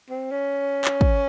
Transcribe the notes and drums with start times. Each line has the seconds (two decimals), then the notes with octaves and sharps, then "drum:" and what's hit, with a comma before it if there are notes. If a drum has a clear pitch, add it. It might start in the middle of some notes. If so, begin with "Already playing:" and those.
0.10 C4
0.31 C#4
0.85 drum: clap
1.01 drum: kick